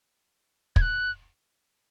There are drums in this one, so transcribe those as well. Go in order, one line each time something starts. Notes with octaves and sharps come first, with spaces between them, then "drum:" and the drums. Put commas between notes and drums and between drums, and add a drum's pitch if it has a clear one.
G#6, drum: kick
F#6